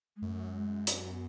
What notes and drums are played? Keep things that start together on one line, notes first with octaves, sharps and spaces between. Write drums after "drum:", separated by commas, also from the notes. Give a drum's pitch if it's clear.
G#3
F#2 A3
G#3
drum: hi-hat
B3